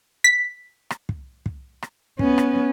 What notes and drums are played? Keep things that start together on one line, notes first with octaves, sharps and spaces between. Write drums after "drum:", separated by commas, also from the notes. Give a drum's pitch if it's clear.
B6
drum: rim click
drum: kick
drum: kick
drum: rim click
B3 C#4, drum: kick
drum: rim click